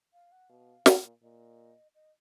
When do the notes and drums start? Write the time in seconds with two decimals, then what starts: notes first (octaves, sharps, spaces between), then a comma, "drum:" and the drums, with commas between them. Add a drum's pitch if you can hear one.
0.13 F5
0.32 F#5
0.49 B2 F5
0.86 A#2, drum: snare
1.22 A#2 D#5
1.95 D#5